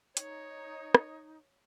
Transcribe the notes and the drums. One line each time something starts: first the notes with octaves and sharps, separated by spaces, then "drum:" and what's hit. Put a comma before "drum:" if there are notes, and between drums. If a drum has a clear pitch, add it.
D#4 C#5, drum: hi-hat
drum: rim click